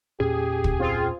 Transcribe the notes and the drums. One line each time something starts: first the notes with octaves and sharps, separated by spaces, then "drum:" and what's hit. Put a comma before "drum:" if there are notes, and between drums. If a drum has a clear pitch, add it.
E2 A#2 C#4 G4 G#4
drum: kick
C4 F4